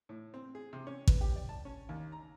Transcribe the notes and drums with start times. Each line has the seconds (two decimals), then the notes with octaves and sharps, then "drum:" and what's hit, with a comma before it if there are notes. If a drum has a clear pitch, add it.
0.09 A2
0.34 C4
0.55 G#4
0.73 C3
0.87 C#4
1.08 B4, drum: kick A1
1.21 G4
1.36 D5
1.49 A5
1.65 C#4
1.89 D#2
2.12 A#5